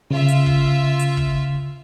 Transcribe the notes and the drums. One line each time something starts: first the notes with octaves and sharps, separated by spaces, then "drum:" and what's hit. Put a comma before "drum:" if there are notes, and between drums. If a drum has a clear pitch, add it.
C#3 F4 E5
drum: hi-hat
drum: kick
drum: hi-hat
drum: kick